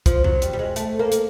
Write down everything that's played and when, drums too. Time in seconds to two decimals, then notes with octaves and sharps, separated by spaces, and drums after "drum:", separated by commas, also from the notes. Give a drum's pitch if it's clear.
0.06 F3, drum: kick, hi-hat
0.24 F#3, drum: tom E2
0.42 G3, drum: hi-hat
0.53 G3
0.59 G#3
0.76 A3, drum: hi-hat
0.99 A#3
1.12 drum: hi-hat